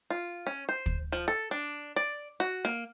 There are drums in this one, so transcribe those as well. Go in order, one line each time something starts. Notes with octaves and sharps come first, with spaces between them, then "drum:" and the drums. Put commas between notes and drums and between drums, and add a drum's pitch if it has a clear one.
F4
C#4
C5
drum: kick
F3
A4
D4
D5
F#4
A#3